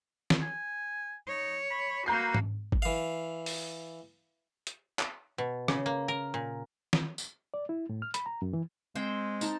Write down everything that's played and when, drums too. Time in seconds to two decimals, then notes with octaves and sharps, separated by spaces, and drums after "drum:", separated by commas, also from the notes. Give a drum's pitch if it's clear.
0.30 drum: snare
0.42 G#5
1.28 D#4 C#5
1.71 B5
2.06 A#3 F#4 B4 A#5 G6 C7
2.35 drum: tom G#2
2.72 drum: kick G1
2.82 E3 F5
3.46 drum: open hi-hat
4.67 drum: hi-hat
4.99 drum: clap
5.38 B2
5.68 C#3, drum: rim click
5.86 A#3
6.08 A#4
6.34 A#2
6.93 drum: snare
7.18 drum: tambourine
7.54 D5
7.69 E4
7.89 A2
8.02 F6
8.14 B5, drum: hi-hat
8.26 A#5
8.42 F#2
8.53 E3
8.95 G#3 C4 C5 G5
9.41 D#4 A#4 A5, drum: tambourine